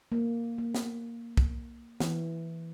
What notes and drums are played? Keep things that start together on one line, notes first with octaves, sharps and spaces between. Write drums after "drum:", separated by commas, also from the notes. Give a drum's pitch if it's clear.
A#3
A#3
drum: snare
drum: kick
E3, drum: snare